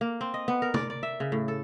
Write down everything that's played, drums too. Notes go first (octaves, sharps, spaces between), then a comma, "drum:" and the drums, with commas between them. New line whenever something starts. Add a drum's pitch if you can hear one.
A#3
C4
D#5
B3
A#4
D5, drum: tom
D5
E5
C#3
A2
A4